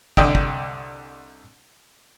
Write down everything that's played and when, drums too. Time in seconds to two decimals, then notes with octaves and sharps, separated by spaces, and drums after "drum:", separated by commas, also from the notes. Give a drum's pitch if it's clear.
0.17 C2 D3 D4 D#5 G5, drum: kick
0.35 drum: kick